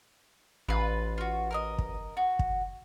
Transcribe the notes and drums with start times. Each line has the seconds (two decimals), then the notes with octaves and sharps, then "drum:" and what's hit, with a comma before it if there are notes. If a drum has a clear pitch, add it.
0.68 A1 F4 B4
1.18 F4 F#4
1.51 A#4 B4 D#5
1.78 drum: kick
2.17 F#4
2.39 drum: kick